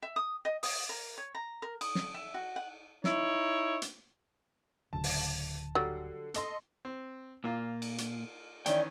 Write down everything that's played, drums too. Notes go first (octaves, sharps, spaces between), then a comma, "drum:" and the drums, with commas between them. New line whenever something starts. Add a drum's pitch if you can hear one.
E5
D#6
D#5
D#6, drum: open hi-hat
A#4
C#5
A#5
A#4
D#6, drum: cymbal
drum: snare
E5
F#4
F#5
D#4 E4 C#5, drum: snare
drum: hi-hat
D1 D2 C#3 A5
drum: open hi-hat
D3 F#3 G3
A4 D#5 C6, drum: hi-hat
C4
A#2 A#3 F4
drum: cymbal
drum: hi-hat
D#3 E3 C#4 D5 E5 G5, drum: hi-hat